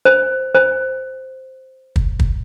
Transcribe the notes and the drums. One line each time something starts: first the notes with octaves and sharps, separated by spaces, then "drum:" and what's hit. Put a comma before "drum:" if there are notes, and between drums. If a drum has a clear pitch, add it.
C5
C5
drum: kick
drum: kick